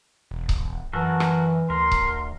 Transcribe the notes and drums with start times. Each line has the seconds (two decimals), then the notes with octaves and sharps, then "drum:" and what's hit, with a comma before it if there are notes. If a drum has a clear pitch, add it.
0.31 E1
0.49 drum: kick C#1
0.93 F#2 E3 F#4 A4 A#4
1.20 drum: rim click
1.70 D2 A#4 C6
1.92 drum: kick C#1